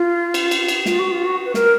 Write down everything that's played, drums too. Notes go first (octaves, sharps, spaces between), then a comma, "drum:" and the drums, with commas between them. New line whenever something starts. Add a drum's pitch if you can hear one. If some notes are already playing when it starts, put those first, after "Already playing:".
Already playing: F4
drum: cymbal
drum: cymbal
drum: cymbal
F4, drum: snare
F#4
F4
F#4
B4
A#4, drum: snare